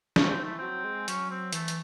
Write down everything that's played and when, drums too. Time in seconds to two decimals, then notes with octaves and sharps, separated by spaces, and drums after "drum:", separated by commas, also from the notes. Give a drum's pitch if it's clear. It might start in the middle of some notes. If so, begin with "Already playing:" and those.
0.16 D#3 C#4, drum: snare
0.27 C#3 C4
0.40 D#3 A3
0.51 E3
0.58 F#3 C4
0.84 G#3
1.08 F#3 C#4, drum: hi-hat
1.30 C4
1.52 E3 A3, drum: hi-hat
1.68 drum: hi-hat